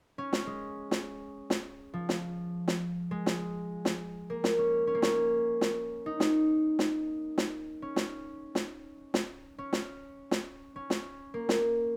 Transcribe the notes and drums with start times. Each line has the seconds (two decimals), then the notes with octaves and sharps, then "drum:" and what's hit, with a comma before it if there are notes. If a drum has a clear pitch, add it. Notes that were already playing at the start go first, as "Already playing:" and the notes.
0.18 C#4
0.33 drum: snare
0.47 G#3
0.91 drum: snare
1.50 drum: snare
1.94 F3
2.09 drum: snare
2.68 drum: snare
3.11 G#3
3.26 drum: snare
3.85 drum: snare
4.30 A#3
4.44 drum: snare
4.58 C#4
4.87 C#4
4.95 A#3
5.02 C#4, drum: snare
5.61 drum: snare
6.06 D#4
6.20 drum: snare
6.79 drum: snare
7.38 drum: snare
7.82 C#4
7.96 drum: snare
8.55 drum: snare
9.14 drum: snare
9.58 C#4
9.73 drum: snare
10.31 drum: snare
10.76 C#4
10.90 drum: snare
11.34 A#3
11.49 drum: snare